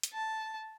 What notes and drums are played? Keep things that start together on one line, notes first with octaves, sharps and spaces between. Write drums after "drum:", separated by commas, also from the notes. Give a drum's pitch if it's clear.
drum: hi-hat
A5